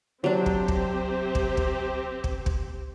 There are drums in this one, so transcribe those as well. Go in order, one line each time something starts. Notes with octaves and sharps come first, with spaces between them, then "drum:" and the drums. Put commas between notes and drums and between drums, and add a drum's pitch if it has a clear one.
C3 F#3 C4 D4 G4 C5
drum: kick
drum: kick
drum: kick
drum: kick
drum: kick
drum: kick